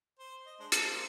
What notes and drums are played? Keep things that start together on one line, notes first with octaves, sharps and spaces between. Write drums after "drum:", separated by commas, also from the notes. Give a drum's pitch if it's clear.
C5
D#5
G#3 D4 C5
C5 A5 A#5, drum: hi-hat
A#3 F4 C5